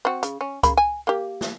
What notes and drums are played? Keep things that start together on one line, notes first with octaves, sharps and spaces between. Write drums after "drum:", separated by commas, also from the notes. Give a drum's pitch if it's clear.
C4 F#4
C#3, drum: hi-hat
C#4
C#3 A#3 B5, drum: kick C#2, hi-hat
G#5
A#3 G4
drum: snare